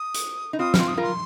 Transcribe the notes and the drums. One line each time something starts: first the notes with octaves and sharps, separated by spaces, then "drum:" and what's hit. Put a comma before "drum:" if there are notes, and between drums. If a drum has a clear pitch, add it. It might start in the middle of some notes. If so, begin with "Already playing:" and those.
Already playing: D#6
drum: hi-hat
D#4
C4 F4 D#6
F6, drum: snare
C4 F4 C6
D#6
F4 A#4 C6